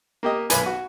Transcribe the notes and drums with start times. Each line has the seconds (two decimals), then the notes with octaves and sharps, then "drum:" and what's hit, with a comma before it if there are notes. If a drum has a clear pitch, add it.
0.23 A#3 G4 D#5
0.50 B1 B4 G#5, drum: hi-hat
0.66 F#4